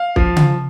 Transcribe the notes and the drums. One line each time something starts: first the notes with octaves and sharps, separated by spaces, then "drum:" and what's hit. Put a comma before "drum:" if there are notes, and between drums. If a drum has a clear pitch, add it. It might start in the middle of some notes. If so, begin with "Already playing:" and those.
Already playing: F5
F3, drum: kick
drum: tom C#3